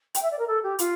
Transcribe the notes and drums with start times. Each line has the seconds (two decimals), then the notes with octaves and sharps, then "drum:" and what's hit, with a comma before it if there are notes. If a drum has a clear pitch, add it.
0.14 G5, drum: hi-hat
0.22 E5
0.31 D5
0.38 A#4
0.47 A4
0.63 G4
0.79 F4, drum: hi-hat